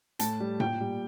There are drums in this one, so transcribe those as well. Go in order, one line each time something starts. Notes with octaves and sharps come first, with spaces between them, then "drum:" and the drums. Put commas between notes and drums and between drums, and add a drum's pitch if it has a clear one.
A2 A5, drum: hi-hat
G3
A#2 G5, drum: tom A2
G3